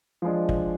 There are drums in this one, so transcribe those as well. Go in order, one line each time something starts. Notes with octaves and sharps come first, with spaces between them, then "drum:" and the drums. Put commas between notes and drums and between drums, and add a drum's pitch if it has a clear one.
F3 G#3 D4
drum: kick